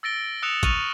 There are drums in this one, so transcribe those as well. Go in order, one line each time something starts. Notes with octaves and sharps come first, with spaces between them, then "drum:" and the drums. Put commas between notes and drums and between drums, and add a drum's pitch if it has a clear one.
E6 A6 A#6 D7 G7
D#6 E6 F#6 C#7 E7 F7
C#6 F6 F#6 A6 D#7 F7, drum: kick, hi-hat